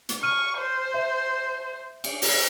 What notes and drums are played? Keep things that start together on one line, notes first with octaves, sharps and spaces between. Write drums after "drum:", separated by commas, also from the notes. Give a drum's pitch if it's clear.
drum: hi-hat
C#6 F6 D#7
C5
E5
drum: cymbal
drum: open hi-hat